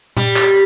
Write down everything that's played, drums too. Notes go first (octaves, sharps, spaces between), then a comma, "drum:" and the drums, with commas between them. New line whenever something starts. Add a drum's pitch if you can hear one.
G3, drum: tom
drum: clap